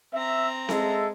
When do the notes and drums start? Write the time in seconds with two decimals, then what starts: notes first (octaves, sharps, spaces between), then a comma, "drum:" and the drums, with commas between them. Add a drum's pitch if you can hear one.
0.13 C4 E5 A#5
0.69 G#3 A4 E5, drum: snare C4